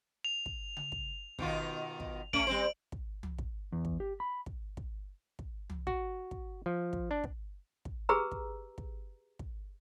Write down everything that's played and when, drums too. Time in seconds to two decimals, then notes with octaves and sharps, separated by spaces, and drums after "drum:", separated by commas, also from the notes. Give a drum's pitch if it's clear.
0.25 F7
0.46 drum: kick
0.77 drum: tom C#3
0.92 drum: kick
1.39 B2 D#3 F4, drum: kick
2.00 drum: kick
2.33 A3 C#4 D7 F#7, drum: kick
2.47 G3 C4 C5
2.92 drum: kick
3.23 drum: tom
3.38 drum: kick
3.72 E2
3.85 drum: kick
4.00 G4
4.20 B5
4.46 drum: kick
4.77 drum: kick
5.39 drum: kick
5.70 drum: tom
5.87 F#4, drum: kick
6.31 drum: kick
6.66 F3
6.93 drum: kick
7.11 D4
7.24 drum: kick
7.85 drum: kick
8.09 G4 G#4 B4 A#5 E6
8.32 drum: kick
8.78 drum: kick
9.39 drum: kick